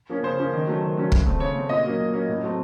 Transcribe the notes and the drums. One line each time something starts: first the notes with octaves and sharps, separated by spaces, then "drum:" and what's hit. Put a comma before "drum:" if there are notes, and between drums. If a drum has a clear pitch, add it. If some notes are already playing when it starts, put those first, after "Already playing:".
F3 A#3 C#4
C#3 C5
F3 A#3 C#4
D#3
F#3 A3 C#4
D#3
F#3 A3 C#4
C#3, drum: kick
A3 C4
C#3 C#5
A3 C4
A#2 D#5
F#3 A#3 C#4
A#2
F#3 A#3 C#4
A2
F#3 A3 C4